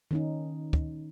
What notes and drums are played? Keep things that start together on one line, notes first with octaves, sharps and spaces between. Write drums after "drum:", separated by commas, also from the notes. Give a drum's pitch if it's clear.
D#3 C#4 D#4
drum: kick